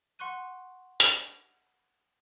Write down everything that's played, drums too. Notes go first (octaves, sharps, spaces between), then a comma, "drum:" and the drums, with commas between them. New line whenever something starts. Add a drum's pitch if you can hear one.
F#5 C6 C#6 F#6 D#7
drum: hi-hat